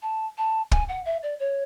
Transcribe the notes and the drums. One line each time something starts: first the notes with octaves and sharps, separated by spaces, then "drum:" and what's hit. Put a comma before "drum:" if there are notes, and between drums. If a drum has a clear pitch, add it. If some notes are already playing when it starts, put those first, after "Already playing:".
A5
A5
G#5, drum: kick
F#5
E5
D5
C#5